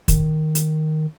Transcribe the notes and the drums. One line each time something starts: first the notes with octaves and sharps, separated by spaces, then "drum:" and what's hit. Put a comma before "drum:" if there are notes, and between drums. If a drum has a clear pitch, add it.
D#3, drum: kick, hi-hat
drum: hi-hat